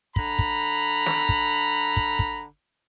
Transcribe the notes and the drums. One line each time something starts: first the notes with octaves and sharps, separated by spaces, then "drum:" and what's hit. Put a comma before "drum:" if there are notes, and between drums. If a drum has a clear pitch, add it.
D3 A#5 B5, drum: kick
drum: kick
drum: snare
drum: kick
drum: kick
drum: kick